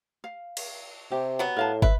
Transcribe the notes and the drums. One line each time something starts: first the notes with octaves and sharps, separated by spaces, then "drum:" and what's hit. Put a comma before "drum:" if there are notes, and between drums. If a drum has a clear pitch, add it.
F5
drum: cymbal
C3 G4
F#3 B3
A2 A#4 F5 A5
B4 E5, drum: kick